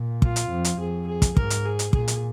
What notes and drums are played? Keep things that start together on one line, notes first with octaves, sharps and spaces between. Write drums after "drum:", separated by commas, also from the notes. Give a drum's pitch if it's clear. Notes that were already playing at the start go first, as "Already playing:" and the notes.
Already playing: A#2
F4, drum: kick
drum: hi-hat
F2
drum: hi-hat
F2 G#4
G#4
drum: kick, hi-hat
G#2 A#4, drum: kick
drum: hi-hat
G#4
drum: hi-hat
A#2 G#4, drum: kick
drum: hi-hat